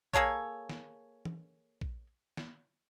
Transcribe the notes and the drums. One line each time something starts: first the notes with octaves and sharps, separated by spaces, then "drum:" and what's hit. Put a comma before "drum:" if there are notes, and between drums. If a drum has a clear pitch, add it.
A#3 G#4 A4 C#5, drum: kick A#1
drum: snare
drum: tom E3
drum: kick A#1
drum: snare